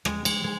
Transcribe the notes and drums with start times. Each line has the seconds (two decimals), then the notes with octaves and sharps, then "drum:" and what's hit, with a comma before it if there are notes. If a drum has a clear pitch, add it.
0.05 G#3, drum: rim click
0.25 G#3, drum: cymbal
0.44 G#3